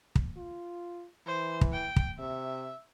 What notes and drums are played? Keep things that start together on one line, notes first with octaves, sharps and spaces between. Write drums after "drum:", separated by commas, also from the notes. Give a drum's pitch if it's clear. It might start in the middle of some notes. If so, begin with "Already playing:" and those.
drum: kick
F4
E3 C5
drum: kick
G5
drum: kick
C3 E5